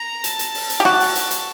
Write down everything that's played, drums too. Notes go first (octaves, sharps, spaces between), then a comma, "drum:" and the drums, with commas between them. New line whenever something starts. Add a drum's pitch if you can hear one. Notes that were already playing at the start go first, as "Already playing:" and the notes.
Already playing: A#5
A5, drum: hi-hat
drum: hi-hat
drum: open hi-hat
drum: hi-hat
G4
F#4 A5, drum: rim click
drum: open hi-hat
drum: hi-hat
drum: hi-hat